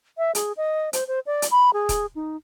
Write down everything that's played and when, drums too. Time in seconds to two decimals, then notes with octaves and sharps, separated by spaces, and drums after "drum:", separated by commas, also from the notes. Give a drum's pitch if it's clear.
0.18 E5
0.35 G#4, drum: hi-hat
0.57 D#5
0.93 C5, drum: hi-hat
1.08 C5
1.26 D5
1.42 drum: hi-hat
1.51 B5
1.73 G#4
1.89 drum: kick D#1, hi-hat
2.15 D#4